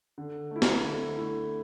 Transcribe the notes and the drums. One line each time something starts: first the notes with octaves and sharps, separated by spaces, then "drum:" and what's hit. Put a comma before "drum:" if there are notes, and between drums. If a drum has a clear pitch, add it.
D3
A3 E4
drum: snare
D3
A3 E4